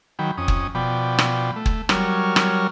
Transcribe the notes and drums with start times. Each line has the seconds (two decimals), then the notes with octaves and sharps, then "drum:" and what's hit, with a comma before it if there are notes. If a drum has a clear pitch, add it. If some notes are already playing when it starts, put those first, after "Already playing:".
0.19 D#3 F#3 G5 B5
0.38 F2 C#4 D#6
0.48 drum: kick
0.75 B2 F3 D5 G5 B5
1.19 drum: rim click
1.56 A3
1.66 drum: kick
1.89 F#3 G3 A#4 C#5 F6, drum: rim click
2.36 drum: rim click